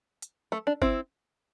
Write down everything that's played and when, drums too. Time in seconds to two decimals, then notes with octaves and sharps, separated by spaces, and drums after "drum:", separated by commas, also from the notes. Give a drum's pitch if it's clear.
0.22 drum: hi-hat
0.52 A3
0.67 D4
0.82 C4 E4, drum: kick G1